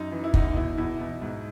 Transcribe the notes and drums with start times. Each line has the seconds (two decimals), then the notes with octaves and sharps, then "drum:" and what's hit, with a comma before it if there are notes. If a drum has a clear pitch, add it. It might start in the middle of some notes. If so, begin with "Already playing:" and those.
Already playing: F#2 D#4
0.12 E3
0.24 E4
0.34 E2 D#4, drum: kick
0.48 D#4
0.56 B2 E4
0.78 E2 E4
1.00 B2
1.22 G#2